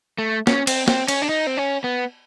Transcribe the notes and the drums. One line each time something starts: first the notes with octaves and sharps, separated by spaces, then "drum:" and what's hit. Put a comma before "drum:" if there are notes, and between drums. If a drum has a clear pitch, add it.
A3
C#4, drum: snare
C4, drum: cymbal
C4, drum: snare
C#4, drum: cymbal
D4
D#4
C4
C#4
B3